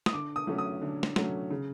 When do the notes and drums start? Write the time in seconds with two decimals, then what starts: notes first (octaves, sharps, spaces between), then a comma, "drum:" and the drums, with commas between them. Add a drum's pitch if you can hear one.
0.06 D#6, drum: snare
0.13 D3 D6
0.36 D#6
0.47 F#3 A3 C#4
0.58 D#6
0.82 D3
1.03 drum: snare
1.16 F#3 A3 C#4, drum: snare
1.51 C#3